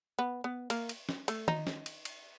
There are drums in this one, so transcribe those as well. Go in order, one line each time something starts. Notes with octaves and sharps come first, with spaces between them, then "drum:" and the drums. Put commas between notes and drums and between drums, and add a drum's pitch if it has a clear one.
B3
B3
A#3, drum: cymbal
drum: cymbal
drum: snare
A3, drum: cymbal
D#4, drum: tom D#3
drum: snare
drum: cymbal
drum: cymbal